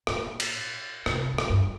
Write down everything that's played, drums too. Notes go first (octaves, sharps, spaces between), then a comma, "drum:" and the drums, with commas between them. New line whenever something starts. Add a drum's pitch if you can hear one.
A#2, drum: rim click
drum: cymbal
C3, drum: rim click
C3
A#2, drum: rim click
G2